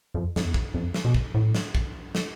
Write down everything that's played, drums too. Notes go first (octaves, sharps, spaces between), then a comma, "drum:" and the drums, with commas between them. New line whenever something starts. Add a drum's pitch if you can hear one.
F2
F2, drum: snare
E2
drum: kick
F2
drum: snare
B2
drum: kick
A2
drum: snare
drum: kick
drum: snare